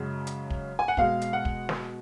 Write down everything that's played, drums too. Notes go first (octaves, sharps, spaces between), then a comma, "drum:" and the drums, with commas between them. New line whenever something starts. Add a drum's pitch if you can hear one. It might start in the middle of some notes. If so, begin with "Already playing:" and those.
Already playing: F#2 C#3 G#3
drum: hi-hat
drum: kick
G#5
F#5
B2 G#3 F5, drum: kick
drum: hi-hat
F#5
drum: kick
drum: snare